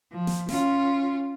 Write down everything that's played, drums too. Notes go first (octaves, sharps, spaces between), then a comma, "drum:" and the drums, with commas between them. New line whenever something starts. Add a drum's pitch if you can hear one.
F3
drum: snare
C#4 F4, drum: snare